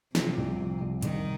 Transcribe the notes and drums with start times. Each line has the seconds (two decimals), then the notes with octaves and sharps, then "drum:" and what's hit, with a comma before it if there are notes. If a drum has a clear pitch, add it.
0.15 C3 F3, drum: snare
0.38 C2
0.59 F3
0.81 C2
1.02 C2 D#3, drum: hi-hat